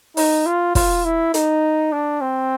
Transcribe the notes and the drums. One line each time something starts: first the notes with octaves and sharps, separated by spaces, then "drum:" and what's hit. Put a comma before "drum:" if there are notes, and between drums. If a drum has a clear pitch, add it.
D#4, drum: open hi-hat
F4
F4, drum: kick, open hi-hat
E4
D#4, drum: hi-hat
D4
C4